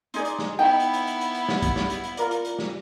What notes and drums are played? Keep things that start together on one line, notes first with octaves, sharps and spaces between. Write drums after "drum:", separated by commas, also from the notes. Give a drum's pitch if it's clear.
D#4 G#4 D5 C6, drum: hi-hat
drum: hi-hat
drum: snare
B3 D#4 E4 G5
drum: hi-hat
drum: hi-hat
drum: hi-hat
drum: hi-hat
drum: hi-hat
drum: snare
drum: kick, hi-hat
drum: snare
drum: hi-hat
drum: hi-hat
F4 A#4 D5, drum: hi-hat
drum: hi-hat
drum: hi-hat
drum: snare